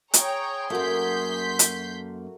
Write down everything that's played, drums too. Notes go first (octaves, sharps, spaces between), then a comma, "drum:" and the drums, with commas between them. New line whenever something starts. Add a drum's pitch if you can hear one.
G#4 C#5 G5 A#5, drum: hi-hat
F#2 A3 A#3 F#4 A#4 C6 G6 B6
drum: hi-hat